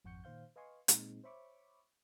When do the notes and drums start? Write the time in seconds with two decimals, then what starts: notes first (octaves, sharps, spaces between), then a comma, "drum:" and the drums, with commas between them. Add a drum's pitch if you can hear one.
0.05 G#1 F2 F#5 C#6 G6 C#7
0.24 A#2 D#3 C5 F5 G6
0.56 B4 D#5 F5 G#5 C6 C#6
0.88 A#2 G#3 C4 D#4, drum: hi-hat
1.24 C5 C#5 E5 B5 C#6 D6